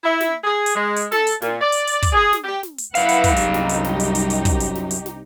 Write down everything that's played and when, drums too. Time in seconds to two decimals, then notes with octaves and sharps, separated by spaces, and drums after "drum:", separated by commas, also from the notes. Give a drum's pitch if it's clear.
0.04 E4
0.21 drum: snare
0.44 G#4
0.66 drum: hi-hat
0.75 G#3
0.96 drum: hi-hat
1.12 A4, drum: snare
1.27 drum: hi-hat
1.42 A#2, drum: snare
1.61 D5
1.72 drum: hi-hat
1.87 drum: hi-hat
2.02 drum: kick, hi-hat
2.13 G#4
2.33 drum: snare
2.44 G4
2.63 drum: snare
2.78 drum: hi-hat
2.95 F#2 E4 B4 F5 F#5, drum: hi-hat
3.09 drum: hi-hat
3.24 drum: kick, hi-hat
3.36 C2 D#4 G4, drum: hi-hat
3.54 drum: snare
3.69 drum: hi-hat
3.84 drum: snare
4.00 drum: hi-hat
4.15 drum: hi-hat
4.30 drum: hi-hat
4.45 drum: kick, hi-hat
4.60 drum: hi-hat
4.75 drum: snare
4.91 drum: hi-hat
5.06 drum: snare